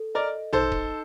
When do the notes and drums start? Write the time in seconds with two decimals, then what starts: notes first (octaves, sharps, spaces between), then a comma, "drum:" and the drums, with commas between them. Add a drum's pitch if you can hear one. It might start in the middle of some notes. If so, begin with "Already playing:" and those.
Already playing: A4
0.15 A#4 D5 D#5
0.52 D#4 A4 C5, drum: tom
0.72 drum: kick D#1